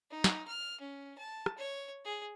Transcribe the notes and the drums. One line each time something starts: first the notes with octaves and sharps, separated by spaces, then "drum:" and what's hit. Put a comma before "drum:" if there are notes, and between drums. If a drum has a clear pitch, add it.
D#4
drum: snare
F6
C#4
A5
drum: rim click
C#5
G#4